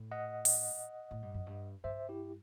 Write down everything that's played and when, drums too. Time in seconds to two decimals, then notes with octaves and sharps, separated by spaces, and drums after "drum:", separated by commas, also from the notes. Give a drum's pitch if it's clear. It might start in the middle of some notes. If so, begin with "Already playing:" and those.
Already playing: A2
0.11 D#5 F#5
0.45 drum: open hi-hat
1.11 A2
1.22 G2
1.34 F#2
1.46 G2
1.84 G2 C5 E5
2.09 E4 G4